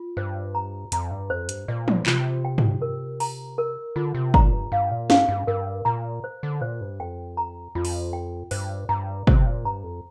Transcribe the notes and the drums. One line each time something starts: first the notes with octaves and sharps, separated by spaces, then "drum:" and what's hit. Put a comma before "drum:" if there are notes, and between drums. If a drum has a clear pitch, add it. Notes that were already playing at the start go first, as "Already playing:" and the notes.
Already playing: F4
G2 C5
A#5
F2 A#5, drum: hi-hat
G2
F2 C5
G2, drum: hi-hat
A#2 D5
drum: tom E3
C3 F4, drum: clap
G5
drum: tom
A#4
A#5, drum: open hi-hat
A#4
D3 F4
C3
A#2 A#5, drum: kick
G2
G2 F5
A#2
G2 F5, drum: snare C#4
G2
G2 A#4
A#2 A#5
C5
D3
A#2 C5
G2
F2 G5
A#5
F2 F4
drum: open hi-hat
G5
G2 C5, drum: open hi-hat
G2 A#5
C3 C5, drum: kick
A#2
G2 A#5
F2